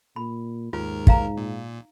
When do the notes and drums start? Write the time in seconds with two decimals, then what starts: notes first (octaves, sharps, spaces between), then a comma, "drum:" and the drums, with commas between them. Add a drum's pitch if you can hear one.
0.16 A#2 B5
0.73 D#2 G#2 F4 A#4
1.07 D#4 F5 A#5, drum: kick
1.37 A#2